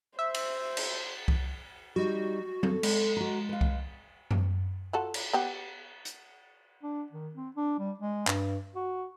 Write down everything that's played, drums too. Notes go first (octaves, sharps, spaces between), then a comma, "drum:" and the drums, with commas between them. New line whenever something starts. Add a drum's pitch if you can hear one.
C5 E5
drum: cymbal
drum: cymbal
drum: kick C2
G3 D#4 F#4
A4, drum: tom F#3
G#3, drum: cymbal
F#4 A#5
B4 F5
drum: kick C2
drum: tom F#2
F4 F#4 A4
drum: cymbal
B3 G4
drum: hi-hat
D4
D#3
C4
D4
G3
G#3
G2, drum: clap
F#4